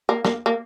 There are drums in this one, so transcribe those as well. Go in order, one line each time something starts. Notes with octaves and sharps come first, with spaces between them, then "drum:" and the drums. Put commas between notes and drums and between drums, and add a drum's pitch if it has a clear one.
A#3
A#3, drum: snare
A#3